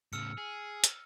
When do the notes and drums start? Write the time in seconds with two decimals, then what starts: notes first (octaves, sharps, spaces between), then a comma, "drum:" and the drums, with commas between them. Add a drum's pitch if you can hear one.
0.13 A2 C#3 E6 F6 C#7
0.38 G#4
0.84 drum: hi-hat